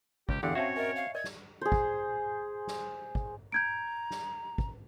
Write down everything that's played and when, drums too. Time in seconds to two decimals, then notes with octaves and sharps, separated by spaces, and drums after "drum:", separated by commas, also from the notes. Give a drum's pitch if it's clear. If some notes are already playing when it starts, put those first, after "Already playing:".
0.29 C#2 G4, drum: kick
0.43 E2 D3 G4 F5 F#5
0.55 C4 C#4 F#4 C#5 E5 A5
0.76 A#4 D#5 E5 G#5
0.96 F5
1.15 A#4 D5 D#5 G#6
1.24 drum: snare
1.61 G#4 C5
1.72 drum: kick
2.67 drum: snare
3.15 drum: kick
3.52 A#5 G6 G#6 D7
4.11 drum: snare
4.58 drum: kick